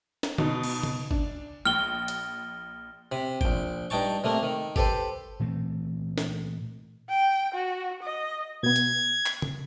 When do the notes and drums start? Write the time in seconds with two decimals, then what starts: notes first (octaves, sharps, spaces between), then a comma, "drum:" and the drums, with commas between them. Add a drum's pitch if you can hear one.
0.23 drum: snare
0.38 B2 D#4, drum: tom D3
0.63 drum: cymbal
0.83 drum: tom C#3
1.11 D4, drum: kick G1
1.65 A#1 F6 G7
2.08 drum: hi-hat
3.12 C3 B5
3.41 A#1 G5, drum: kick G1
3.90 G2 D#4 G5 A5 C#6
4.24 C3 A3 A#3
4.43 D#3
4.76 G4 A4 B4 C5, drum: kick G1
5.40 A#2 E3 A3 C4
6.18 drum: snare
7.09 G5
7.54 F#4
8.03 D#5
8.63 B2 B3 G#6
8.76 drum: hi-hat
9.26 drum: clap
9.42 drum: tom C#3